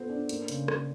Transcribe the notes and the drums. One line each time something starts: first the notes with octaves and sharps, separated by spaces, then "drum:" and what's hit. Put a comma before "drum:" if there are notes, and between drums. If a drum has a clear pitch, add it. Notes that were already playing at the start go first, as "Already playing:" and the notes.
Already playing: B3 C4 F4 A4
D4
A#3, drum: hi-hat
C#3, drum: hi-hat
C#3, drum: rim click